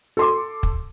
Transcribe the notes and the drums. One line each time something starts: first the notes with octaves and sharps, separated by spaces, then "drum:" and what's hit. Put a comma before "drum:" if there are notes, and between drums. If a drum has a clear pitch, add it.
A4 C6 D6
drum: kick